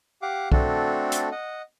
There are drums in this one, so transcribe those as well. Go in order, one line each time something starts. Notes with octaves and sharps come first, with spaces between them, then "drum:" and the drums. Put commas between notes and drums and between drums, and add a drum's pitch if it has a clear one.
G4 F5 F#5 D6
A3 C4 D4 F#4 A4, drum: kick B1
drum: hi-hat
D#5 F#5